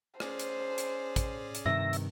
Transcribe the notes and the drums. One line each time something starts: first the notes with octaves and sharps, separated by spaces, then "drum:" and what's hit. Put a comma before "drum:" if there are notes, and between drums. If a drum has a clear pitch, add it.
C#4 G#4 C5 D5, drum: rim click
drum: hi-hat
drum: hi-hat
drum: kick, hi-hat
drum: hi-hat
G2 C3 D#3 E5 A#6
drum: hi-hat